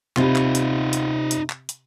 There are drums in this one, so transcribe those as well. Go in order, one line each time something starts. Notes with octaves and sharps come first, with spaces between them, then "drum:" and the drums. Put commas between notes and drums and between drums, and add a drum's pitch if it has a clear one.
C3 D#4 F4 G4 B5, drum: clap
drum: clap
drum: hi-hat
drum: hi-hat
drum: hi-hat
drum: clap
drum: hi-hat